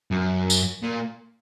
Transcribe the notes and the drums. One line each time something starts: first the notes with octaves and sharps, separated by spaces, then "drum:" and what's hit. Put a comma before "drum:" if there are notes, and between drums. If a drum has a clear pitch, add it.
F#2
drum: tambourine
A#2